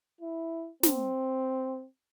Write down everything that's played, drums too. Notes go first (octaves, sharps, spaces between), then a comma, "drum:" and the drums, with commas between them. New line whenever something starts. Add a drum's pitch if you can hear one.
E4
C4, drum: snare